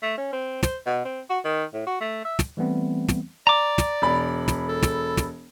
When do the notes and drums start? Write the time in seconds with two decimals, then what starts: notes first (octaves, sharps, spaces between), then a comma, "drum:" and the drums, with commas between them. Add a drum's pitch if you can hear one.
0.02 A3
0.18 C#4
0.33 C4
0.63 C5, drum: snare
0.86 B2
1.05 C4
1.30 F#4
1.45 D#3
1.74 A2
1.87 F#4
2.01 A3
2.25 E5
2.39 drum: snare
2.57 E3 G3 A3 B3 C4
3.08 drum: snare
3.47 D5 A#5 D6
3.78 drum: snare
4.02 E1 B5
4.48 drum: snare
4.69 A4
4.83 drum: snare
5.17 drum: snare